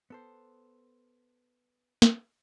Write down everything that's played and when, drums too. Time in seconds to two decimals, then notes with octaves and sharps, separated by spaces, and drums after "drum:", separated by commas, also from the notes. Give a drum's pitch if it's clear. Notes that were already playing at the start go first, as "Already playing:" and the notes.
0.10 B3 A4 C5
2.02 drum: snare